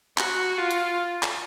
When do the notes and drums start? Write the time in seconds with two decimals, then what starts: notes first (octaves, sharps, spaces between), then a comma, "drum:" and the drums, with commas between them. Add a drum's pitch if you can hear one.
0.18 F#4, drum: clap
0.58 F4
0.71 drum: hi-hat
1.23 drum: clap